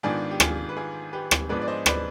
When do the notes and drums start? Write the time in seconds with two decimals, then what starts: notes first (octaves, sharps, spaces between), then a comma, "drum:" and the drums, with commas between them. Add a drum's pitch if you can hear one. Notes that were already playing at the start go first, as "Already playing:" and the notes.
0.03 G#2 D#3 B3 D4 F4 G#4
0.31 G4
0.40 F4 G#4, drum: rim click
0.69 B4
0.77 F4 G#4
1.13 G4 B4
1.31 drum: rim click
1.49 G#2 F3 G#3 B3 D4 B4 D5
1.62 D5
1.68 C5 D#5
1.86 B4 D5, drum: rim click